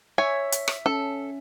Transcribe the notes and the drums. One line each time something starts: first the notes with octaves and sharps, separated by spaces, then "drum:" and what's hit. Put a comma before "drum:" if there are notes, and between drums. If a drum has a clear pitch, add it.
C#5 E5 G#5
drum: hi-hat
drum: rim click
C#4 A4